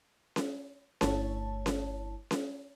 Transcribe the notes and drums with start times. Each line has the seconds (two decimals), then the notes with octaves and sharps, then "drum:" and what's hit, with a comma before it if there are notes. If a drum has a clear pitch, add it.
0.36 drum: snare C#4
1.01 G1 A3 E4 C#5 A5, drum: snare C#4
1.66 drum: snare C#4
2.31 drum: snare C#4